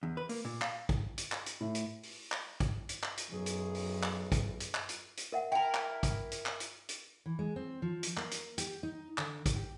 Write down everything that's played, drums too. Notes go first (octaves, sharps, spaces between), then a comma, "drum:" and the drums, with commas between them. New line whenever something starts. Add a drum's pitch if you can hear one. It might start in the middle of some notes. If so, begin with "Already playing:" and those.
E2
B4
A#3, drum: open hi-hat
A#2
F5, drum: clap
drum: kick, hi-hat
drum: hi-hat
drum: clap
drum: hi-hat
A2
drum: hi-hat
drum: open hi-hat
drum: clap
drum: kick, hi-hat
drum: hi-hat
drum: clap
drum: hi-hat
B1 F#2 G#4
drum: hi-hat
drum: open hi-hat
drum: clap
drum: kick, hi-hat
drum: hi-hat
drum: clap
drum: hi-hat
drum: hi-hat
A#4 E5 F#5
E4 A#4 G5 A5
drum: clap
drum: kick, hi-hat
drum: hi-hat
drum: clap
drum: hi-hat
drum: hi-hat
E3
G#3
C4
F3
drum: hi-hat
A#3, drum: clap
drum: hi-hat
G4, drum: hi-hat
D#4
D3, drum: clap
drum: kick, hi-hat
G4